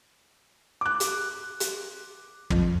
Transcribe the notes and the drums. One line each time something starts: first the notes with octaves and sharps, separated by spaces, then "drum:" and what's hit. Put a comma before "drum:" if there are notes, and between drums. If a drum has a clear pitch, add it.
D6 F#6
drum: hi-hat
drum: hi-hat
F2, drum: kick